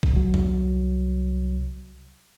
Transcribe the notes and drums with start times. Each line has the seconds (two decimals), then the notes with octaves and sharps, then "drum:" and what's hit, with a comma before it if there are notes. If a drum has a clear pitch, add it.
0.03 drum: kick
0.13 C2 F#3
0.34 drum: tom E2